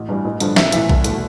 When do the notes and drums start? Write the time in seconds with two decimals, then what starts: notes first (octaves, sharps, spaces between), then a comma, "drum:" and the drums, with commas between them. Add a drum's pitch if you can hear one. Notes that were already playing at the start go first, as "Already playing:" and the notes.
Already playing: A1
0.09 G2 E3 G3
0.25 A1
0.40 G2 D3 F3, drum: hi-hat
0.56 B1 E5, drum: snare
0.72 A2 E3 E5, drum: hi-hat
0.89 C2, drum: kick
1.04 B2 A3, drum: hi-hat